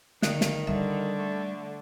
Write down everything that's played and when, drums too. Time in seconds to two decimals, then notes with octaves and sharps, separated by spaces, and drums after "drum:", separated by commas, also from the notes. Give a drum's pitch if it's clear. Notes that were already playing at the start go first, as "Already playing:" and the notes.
0.22 D3 D#3, drum: snare
0.41 drum: snare
0.67 D3 G3 E5
1.19 A3